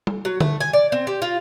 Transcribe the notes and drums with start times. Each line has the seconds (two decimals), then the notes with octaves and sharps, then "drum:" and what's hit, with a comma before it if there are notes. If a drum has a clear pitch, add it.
0.07 drum: tom G3
0.25 F#3
0.40 A3, drum: tom D3
0.61 G#5
0.73 D5
0.92 C4
1.07 G4
1.22 F4